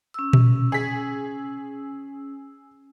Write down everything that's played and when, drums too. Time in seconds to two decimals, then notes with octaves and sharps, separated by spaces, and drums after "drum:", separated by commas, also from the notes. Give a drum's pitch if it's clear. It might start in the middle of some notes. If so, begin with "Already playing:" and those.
0.14 C#4 E6
0.33 drum: tom A#2
0.72 G#4 B6